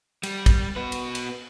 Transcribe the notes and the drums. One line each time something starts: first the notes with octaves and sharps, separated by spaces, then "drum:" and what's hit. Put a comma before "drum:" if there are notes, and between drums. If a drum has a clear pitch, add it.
G3, drum: cymbal
drum: kick, cymbal
B3 F#4 B4
drum: cymbal
drum: cymbal